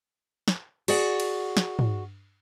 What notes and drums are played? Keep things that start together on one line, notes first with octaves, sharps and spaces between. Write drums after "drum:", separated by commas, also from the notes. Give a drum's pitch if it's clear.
drum: snare
F#4 G#4 D5 F#5, drum: cymbal
drum: cymbal
drum: snare
drum: tom